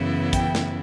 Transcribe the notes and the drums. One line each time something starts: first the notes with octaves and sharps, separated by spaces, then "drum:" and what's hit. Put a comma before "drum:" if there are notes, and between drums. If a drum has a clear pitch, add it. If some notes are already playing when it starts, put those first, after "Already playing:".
Already playing: F#2 C#3 E3 B3 E4
G5, drum: kick, hi-hat
drum: snare